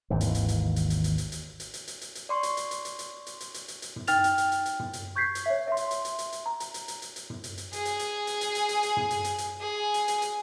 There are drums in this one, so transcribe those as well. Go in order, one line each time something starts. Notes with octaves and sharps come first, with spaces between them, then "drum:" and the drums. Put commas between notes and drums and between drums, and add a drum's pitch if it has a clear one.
G#1 D#2 G#2 E3
drum: hi-hat
drum: hi-hat
drum: hi-hat
drum: hi-hat
drum: hi-hat
drum: hi-hat
drum: hi-hat
drum: hi-hat
drum: hi-hat
drum: hi-hat
drum: hi-hat
drum: hi-hat
drum: hi-hat
D5 C6 C#6
drum: hi-hat
drum: hi-hat
drum: hi-hat
drum: hi-hat
drum: hi-hat
drum: hi-hat
drum: hi-hat
drum: hi-hat
drum: hi-hat
drum: hi-hat
drum: tom
D#4 G5 F6 A6 F7, drum: hi-hat
drum: hi-hat
drum: hi-hat
drum: hi-hat
drum: hi-hat
drum: tom
drum: hi-hat
C#6 G6 G#6 B6 C7
drum: hi-hat
C#5 E5
E5 C6
drum: hi-hat
drum: hi-hat
drum: hi-hat
drum: hi-hat
drum: hi-hat
A#5
drum: hi-hat
drum: hi-hat
drum: hi-hat
drum: hi-hat
drum: hi-hat
drum: tom
drum: hi-hat
drum: hi-hat
G#4, drum: hi-hat
drum: hi-hat
drum: hi-hat
drum: hi-hat
drum: hi-hat
drum: hi-hat
drum: hi-hat
drum: hi-hat
drum: tom
drum: hi-hat
drum: hi-hat
drum: hi-hat
G#4
drum: hi-hat
drum: hi-hat
drum: hi-hat